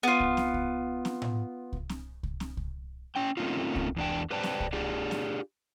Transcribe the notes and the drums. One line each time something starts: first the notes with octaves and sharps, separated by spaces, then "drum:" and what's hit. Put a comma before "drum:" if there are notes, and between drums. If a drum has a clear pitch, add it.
B3 F4
drum: kick C2
drum: snare C4
drum: kick C2
drum: snare C4
drum: tom A2
drum: kick C2
drum: snare C4
drum: kick C2
drum: snare C4
drum: kick C2
C#4 G5
A3 A#3 C4 C#4 D#4 F4
drum: kick C2
E2 D4 G5
G4 B4 C5 D5 G5 A5
drum: snare C4
drum: kick C2
D4 F4 G4 G#4 D5
drum: snare C4